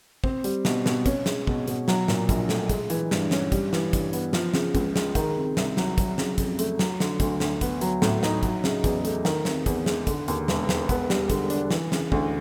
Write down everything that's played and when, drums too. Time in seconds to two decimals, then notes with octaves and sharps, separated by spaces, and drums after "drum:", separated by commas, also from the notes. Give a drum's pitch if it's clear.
0.24 C4, drum: kick
0.44 G3, drum: hi-hat
0.65 B2, drum: snare
0.86 B2, drum: snare
1.06 C#4, drum: kick, hi-hat
1.26 G#3, drum: snare
1.47 B2, drum: kick
1.68 B2, drum: hi-hat
1.88 F#3, drum: snare
2.08 A#2, drum: snare
2.29 A#1, drum: kick, hi-hat
2.49 A3, drum: snare
2.69 G#3, drum: kick, hi-hat
2.90 E3, drum: hi-hat
3.11 G2, drum: snare
3.31 C#4, drum: snare
3.52 G3, drum: kick, hi-hat
3.73 E3, drum: snare
3.93 G2, drum: kick, hi-hat
4.13 B3, drum: hi-hat
4.33 F3, drum: snare
4.54 C#3, drum: snare
4.75 C#2, drum: kick, hi-hat
4.96 G#3, drum: snare
5.15 D#3, drum: kick, hi-hat
5.36 C3
5.57 C2, drum: snare
5.77 F#3, drum: snare
5.98 F#3, drum: kick, hi-hat
6.18 C#3, drum: snare
6.38 F2, drum: kick, hi-hat
6.59 A3, drum: hi-hat
6.79 F#3, drum: snare
7.00 D3, drum: snare
7.20 D2, drum: kick, hi-hat
7.40 D2, drum: snare
7.61 B3, drum: kick, hi-hat
7.81 F#3, drum: hi-hat
8.02 A2, drum: snare
8.23 D#4, drum: snare
8.43 F#3, drum: kick, hi-hat
8.64 C#3, drum: snare
8.84 E2, drum: kick, hi-hat
9.05 A3, drum: hi-hat
9.25 D#3, drum: snare
9.45 C3, drum: snare
9.66 E2, drum: kick, hi-hat
9.86 G#3, drum: snare
10.07 D3, drum: kick, hi-hat
10.28 D#2, drum: hi-hat
10.48 E1, drum: snare
10.69 E1, drum: snare
10.89 B3, drum: kick, hi-hat
11.10 G3, drum: snare
11.30 D3, drum: kick, hi-hat
11.50 D4, drum: hi-hat
11.71 E3, drum: snare
11.92 C#3, drum: snare
12.12 D2, drum: kick